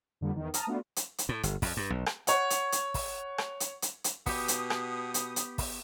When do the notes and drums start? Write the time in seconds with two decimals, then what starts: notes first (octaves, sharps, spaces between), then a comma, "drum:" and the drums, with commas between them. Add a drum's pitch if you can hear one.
0.21 F2 D3 G3 A#3 B3
0.36 E2 D#3
0.54 A5 A#5 D#6 F6, drum: hi-hat
0.67 A3 B3 D4 F4 F#4
0.96 drum: hi-hat
1.18 drum: hi-hat
1.29 A2
1.43 G1, drum: hi-hat
1.62 F2, drum: kick, open hi-hat
1.77 G2
1.90 B1
2.06 drum: rim click
2.27 C#5 F#5, drum: hi-hat
2.50 drum: hi-hat
2.72 drum: hi-hat
2.94 drum: kick, open hi-hat
3.38 drum: rim click
3.60 drum: hi-hat
3.82 drum: hi-hat
4.04 drum: hi-hat
4.26 B2 B3 G4 D#6, drum: kick, open hi-hat
4.48 drum: hi-hat
4.70 drum: rim click
5.14 drum: hi-hat
5.36 drum: hi-hat
5.58 drum: kick, open hi-hat